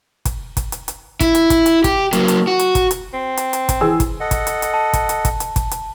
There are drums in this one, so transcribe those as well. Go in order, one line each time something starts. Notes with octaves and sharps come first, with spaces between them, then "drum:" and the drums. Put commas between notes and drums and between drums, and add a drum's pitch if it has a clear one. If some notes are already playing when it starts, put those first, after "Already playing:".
drum: kick, hi-hat
drum: kick, hi-hat
drum: hi-hat
drum: hi-hat
E4, drum: kick, hi-hat
drum: hi-hat
drum: kick, hi-hat
drum: hi-hat
G4, drum: kick, hi-hat
F#3 A#3, drum: hi-hat
drum: hi-hat
F#4
drum: hi-hat
drum: kick, hi-hat
drum: hi-hat
C4
drum: hi-hat
drum: hi-hat
drum: kick, hi-hat
E3 G#4 E6
drum: kick, hi-hat
A4 D#5 F#5
drum: kick, hi-hat
drum: hi-hat
drum: hi-hat
A5
drum: kick, hi-hat
drum: hi-hat
drum: kick, hi-hat
drum: hi-hat
drum: kick, hi-hat
drum: hi-hat